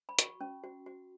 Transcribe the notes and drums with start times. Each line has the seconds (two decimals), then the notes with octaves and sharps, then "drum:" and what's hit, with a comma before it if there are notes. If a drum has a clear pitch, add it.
0.09 B5
0.19 F#4 C#6, drum: hi-hat
0.41 C#4
0.64 F#4
0.86 F#4